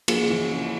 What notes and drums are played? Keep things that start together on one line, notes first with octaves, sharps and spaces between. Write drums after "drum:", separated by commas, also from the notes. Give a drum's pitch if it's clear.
F3 A#3 F4 G#4, drum: cymbal
C#3
E3
C#3